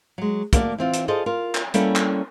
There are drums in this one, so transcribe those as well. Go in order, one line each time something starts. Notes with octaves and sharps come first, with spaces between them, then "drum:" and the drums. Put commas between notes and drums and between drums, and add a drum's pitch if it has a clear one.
F#3 G#3
A3 A#3 F#4 A#4 C5 D5, drum: kick, hi-hat
E3 C4 F4
drum: hi-hat
F4 G#4 A4 C5 D5 D#5
F4 A#4
drum: clap
G3 A#3 B3 C#4 E4 A4, drum: hi-hat
drum: clap